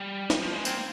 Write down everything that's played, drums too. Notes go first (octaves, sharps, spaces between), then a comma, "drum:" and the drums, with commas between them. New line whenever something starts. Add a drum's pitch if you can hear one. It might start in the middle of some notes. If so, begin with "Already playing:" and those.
Already playing: G3
drum: snare
F3
G#3
A#3 C4, drum: tambourine